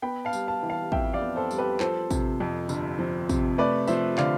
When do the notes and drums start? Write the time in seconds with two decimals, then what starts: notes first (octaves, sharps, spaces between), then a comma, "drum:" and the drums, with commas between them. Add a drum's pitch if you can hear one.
0.02 B3 G5 B5
0.25 F5 A5
0.33 G3, drum: tambourine
0.48 F5 A5
0.63 E3
0.70 F5 A5
0.92 F2 E5 G5, drum: kick
1.13 D5 F5
1.22 B3
1.36 A4 C5
1.51 G3, drum: tambourine
1.58 G4 B4
1.80 F3 A4 C5, drum: clap
2.10 C3, drum: kick, tambourine
2.40 F2
2.69 G1, drum: tambourine
2.99 F3
3.29 C3, drum: kick, tambourine
3.58 A3 B4 D5
3.87 F3 C5 E5, drum: tambourine
4.18 D3 D5 F5, drum: clap